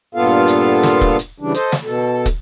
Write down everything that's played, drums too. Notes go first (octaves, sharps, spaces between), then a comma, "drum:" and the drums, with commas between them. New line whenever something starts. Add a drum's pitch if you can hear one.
G2 A#2 B3 F4 A4 F5
drum: hi-hat
drum: snare
drum: kick
drum: hi-hat
C#3 E3 G3 D4
A4 C5 D#5, drum: hi-hat
drum: snare
B2 A4
drum: kick, hi-hat